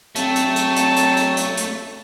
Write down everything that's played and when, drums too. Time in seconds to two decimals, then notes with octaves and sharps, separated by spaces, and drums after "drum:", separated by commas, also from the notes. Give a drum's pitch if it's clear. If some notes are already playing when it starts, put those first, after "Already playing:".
0.15 F#3 A3 C4 A5, drum: hi-hat
0.36 drum: hi-hat
0.56 drum: hi-hat
0.76 drum: hi-hat
0.96 drum: hi-hat
1.16 drum: hi-hat
1.37 drum: hi-hat
1.57 drum: hi-hat